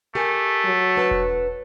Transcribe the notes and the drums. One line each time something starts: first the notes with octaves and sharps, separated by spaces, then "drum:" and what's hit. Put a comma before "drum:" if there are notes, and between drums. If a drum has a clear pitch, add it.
A3 G4 A#4 G#5
F#3
D4 B4 A5
drum: kick E1